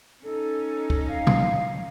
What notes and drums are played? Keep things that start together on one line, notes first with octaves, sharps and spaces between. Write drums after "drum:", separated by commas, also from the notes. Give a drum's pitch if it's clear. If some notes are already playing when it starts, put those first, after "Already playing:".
C#4 D#4 A4
drum: kick
F5
drum: tom